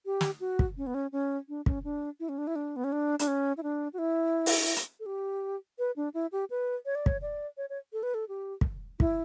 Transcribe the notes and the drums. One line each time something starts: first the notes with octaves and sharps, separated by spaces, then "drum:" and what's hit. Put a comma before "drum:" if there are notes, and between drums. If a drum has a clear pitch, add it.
G4
drum: snare
F#4
drum: kick
C#4
B3
C#4
C#4
D4
C#4, drum: kick
D4
E4
C#4
D4
E4
D4
B3
C#4
D4
D4, drum: hi-hat
C#4
E4
D4
F#4
E4
drum: open hi-hat
drum: hi-hat
A4
G4
B4
D4
E4
G4
B4
C#5
D5
C#5, drum: kick
D5
C#5
C#5
A4
B4
A4
G4
drum: kick
E4, drum: kick